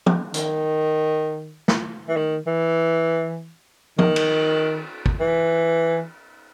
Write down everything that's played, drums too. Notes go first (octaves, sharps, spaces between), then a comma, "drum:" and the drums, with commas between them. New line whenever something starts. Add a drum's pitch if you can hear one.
drum: tom
D#3, drum: hi-hat
drum: snare
E3
D#3
E3
D#3, drum: tom
drum: cymbal
drum: kick
E3